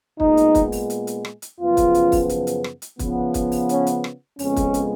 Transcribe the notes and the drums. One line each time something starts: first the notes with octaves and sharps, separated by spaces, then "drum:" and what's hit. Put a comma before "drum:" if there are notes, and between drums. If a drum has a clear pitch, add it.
A#2 G#3 B3 D#4, drum: kick
drum: hi-hat
drum: kick, hi-hat
drum: open hi-hat
drum: hi-hat
drum: hi-hat
drum: rim click
drum: hi-hat
F#2 C#3 F3 B3 F4
drum: kick, hi-hat
drum: hi-hat
drum: kick, open hi-hat
drum: hi-hat
drum: hi-hat
drum: rim click
drum: hi-hat
C#3 F3 B3, drum: kick, hi-hat
drum: kick, hi-hat
drum: open hi-hat
C#4, drum: hi-hat
drum: hi-hat
drum: rim click
F2 C#3 G#3 B3 C#4, drum: open hi-hat
drum: kick, hi-hat
drum: hi-hat